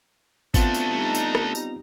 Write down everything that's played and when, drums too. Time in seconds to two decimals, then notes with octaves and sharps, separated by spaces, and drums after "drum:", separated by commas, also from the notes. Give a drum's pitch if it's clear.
0.54 A3 B3 C4 D4 F4 A5, drum: kick G#1, tambourine
0.74 drum: tambourine
0.91 G3 D#4 A#5
1.15 drum: tambourine
1.35 drum: rim click
1.55 drum: tambourine